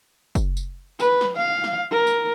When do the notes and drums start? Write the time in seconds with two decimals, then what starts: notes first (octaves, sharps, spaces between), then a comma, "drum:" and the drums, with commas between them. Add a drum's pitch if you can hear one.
0.35 drum: kick F#1, tambourine
0.57 drum: tambourine
1.00 B4, drum: tambourine
1.21 drum: snare
1.37 F5
1.64 drum: snare
1.92 A#4
2.07 drum: tambourine